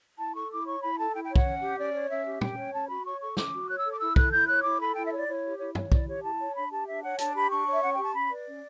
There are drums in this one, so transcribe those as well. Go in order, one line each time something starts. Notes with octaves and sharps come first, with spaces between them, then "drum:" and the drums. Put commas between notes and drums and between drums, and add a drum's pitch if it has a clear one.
E4 A5
A4 C#6
E4 D6
C#5 C#6
E4 B5
A4 A5
E4 G5
G5
C#5
F#5, drum: kick
C#4
G4
C#4 D5
C#5
C#4 E5
G4
C#4 G5, drum: tom
C#5
C#4 A5
F#4 B5
C#5 C#6
A4 C#6
C#4 D6, drum: snare
F#4
C#5 F#6
E6
A4
D6
E4 E6
A4 F#6, drum: kick
E4 G6
C#5 F#6
E4 D6
A4 B5
E4 G5
E5
C#5 D5
E4 C#5
G4
E4 C#5
C#5, drum: tom G2
E4 D5, drum: kick
G4 C#5
E4 A5
C#5
D4 B5
G4 A5
D4 E5
C#5 F#5
D4 A5, drum: hi-hat
G4 B5
D4 C#6
C#5 E5
C#4 F#5
G4 G5
A5
C#4 B5
B4 D5
C#4